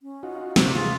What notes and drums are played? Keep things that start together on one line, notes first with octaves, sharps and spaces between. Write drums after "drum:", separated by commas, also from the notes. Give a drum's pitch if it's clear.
C#4
D#4 F4 F#4
C3 E3 F#3 F4 G4 C5, drum: snare
D#2 E3 F4 G#4